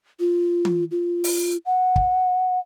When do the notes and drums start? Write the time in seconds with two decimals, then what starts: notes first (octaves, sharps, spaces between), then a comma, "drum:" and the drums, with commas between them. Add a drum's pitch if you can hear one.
0.20 F4
0.65 drum: tom
0.91 F4
1.24 drum: open hi-hat
1.66 F#5
1.96 drum: kick